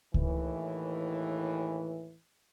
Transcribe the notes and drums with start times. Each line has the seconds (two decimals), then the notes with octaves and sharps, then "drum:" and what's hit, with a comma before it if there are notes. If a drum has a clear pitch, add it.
0.14 D#2 A2 E3, drum: kick C#2